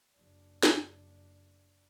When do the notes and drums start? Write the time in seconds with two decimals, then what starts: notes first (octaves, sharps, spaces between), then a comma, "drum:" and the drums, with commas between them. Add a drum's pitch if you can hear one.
0.14 F#1 D4
0.63 drum: snare